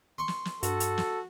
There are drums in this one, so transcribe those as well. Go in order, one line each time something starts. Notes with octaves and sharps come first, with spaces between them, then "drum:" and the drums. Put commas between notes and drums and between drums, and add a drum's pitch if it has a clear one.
C6 C#6
drum: snare
drum: snare
G2 F#4 A4, drum: hi-hat
drum: hi-hat
drum: snare